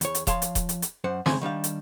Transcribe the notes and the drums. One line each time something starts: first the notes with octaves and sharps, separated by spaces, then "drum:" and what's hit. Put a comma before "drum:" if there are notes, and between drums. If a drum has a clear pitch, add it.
E2 C#5, drum: hi-hat
drum: hi-hat
F3 C#5 F5 A5 C6, drum: kick D#1, hi-hat
drum: hi-hat
drum: kick D#1, hi-hat
drum: hi-hat
drum: hi-hat
F#2 C5 F#5
F#2 C#3 C4 G#5 B5, drum: snare
D#3 G3 D4 F5
drum: hi-hat